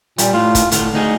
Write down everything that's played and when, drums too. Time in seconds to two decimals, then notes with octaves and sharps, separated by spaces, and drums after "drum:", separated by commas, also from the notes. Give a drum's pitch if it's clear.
0.18 A#2 G3, drum: hi-hat
0.33 A2 F4
0.55 drum: kick, hi-hat
0.72 A2 D3 F4, drum: hi-hat
0.94 D2 D#4 G#4